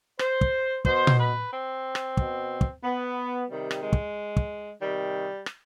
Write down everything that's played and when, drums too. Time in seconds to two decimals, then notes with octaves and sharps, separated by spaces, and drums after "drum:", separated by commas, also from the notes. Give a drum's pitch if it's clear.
0.19 C5, drum: rim click
0.41 drum: kick
0.85 B2 C5, drum: kick
1.07 drum: tom A#2
1.18 B4
1.51 C4
1.95 drum: rim click
2.17 B2, drum: kick
2.61 drum: kick
2.83 B3
3.49 C3 D#3 G3
3.71 drum: rim click
3.82 G#3
3.93 drum: kick
4.37 drum: kick
4.81 C3 D#3 G3
5.46 drum: rim click